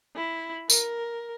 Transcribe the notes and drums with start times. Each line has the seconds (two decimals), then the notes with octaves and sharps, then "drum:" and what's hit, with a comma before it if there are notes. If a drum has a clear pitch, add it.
0.15 E4
0.70 A#4, drum: tambourine